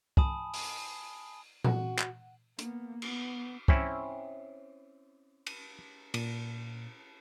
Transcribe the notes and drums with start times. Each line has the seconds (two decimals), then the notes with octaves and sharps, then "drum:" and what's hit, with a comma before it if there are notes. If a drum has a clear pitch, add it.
0.17 G#5 A5 B5 D#6, drum: kick
0.54 drum: open hi-hat
1.64 F#4, drum: tom A#2
1.99 drum: clap
2.59 A#3 B3, drum: hi-hat
3.02 B3, drum: cymbal
3.68 C4 C#4 E4, drum: kick
5.47 drum: cymbal
6.14 A#2, drum: cymbal